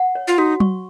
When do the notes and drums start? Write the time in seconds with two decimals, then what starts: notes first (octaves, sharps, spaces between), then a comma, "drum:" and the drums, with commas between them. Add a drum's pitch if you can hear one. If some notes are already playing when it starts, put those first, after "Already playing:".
Already playing: F#5
0.15 C#5
0.28 F4
0.38 D#4 F#4
0.60 C#6, drum: tom F#3